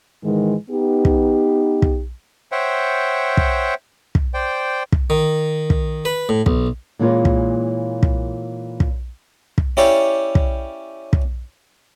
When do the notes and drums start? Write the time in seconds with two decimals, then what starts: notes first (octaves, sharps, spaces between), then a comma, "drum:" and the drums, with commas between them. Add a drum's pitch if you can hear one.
0.24 G#2 D#3 E3 G#3
0.70 B3 D#4 G4
1.05 drum: kick
1.82 drum: kick
2.52 C5 C#5 E5 F#5 G5
3.37 drum: kick
4.15 drum: kick
4.34 C5 D5 G5
4.92 drum: kick
5.10 D#3
5.70 drum: kick
6.05 B4
6.29 A2
6.46 B1, drum: kick
6.99 A#2 E3 G#3 A#3 C#4 F4
7.25 drum: kick
8.03 drum: kick
8.80 drum: kick
9.58 drum: kick
9.77 C#4 E4 G4 C#5 D5 F5
10.35 drum: kick
11.13 drum: kick